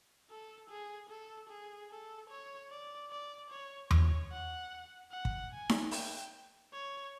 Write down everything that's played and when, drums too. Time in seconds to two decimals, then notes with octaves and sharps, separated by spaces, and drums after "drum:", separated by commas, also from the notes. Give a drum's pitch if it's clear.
0.30 A4
0.70 G#4
1.10 A4
1.49 G#4
1.90 A4
2.30 C#5
2.70 D5
3.11 D5
3.51 C#5
3.91 C#5, drum: tom E2
4.31 F#5
5.11 F#5
5.25 drum: kick
5.51 G#5
5.69 drum: snare D#4
5.91 G5, drum: open hi-hat
6.73 C#5